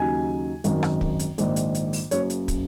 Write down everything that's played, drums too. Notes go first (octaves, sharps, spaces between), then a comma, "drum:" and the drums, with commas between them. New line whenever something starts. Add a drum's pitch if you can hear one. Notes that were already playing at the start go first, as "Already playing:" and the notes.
Already playing: D#2 C#3 F#3 D#4 G#5
G#1 F#2 D#3, drum: hi-hat
drum: rim click
drum: kick
drum: hi-hat
A#1 G#2 D#3, drum: hi-hat
drum: hi-hat
drum: hi-hat
drum: open hi-hat
F#1 F#2 C#3 C#5, drum: hi-hat
drum: hi-hat
drum: kick, hi-hat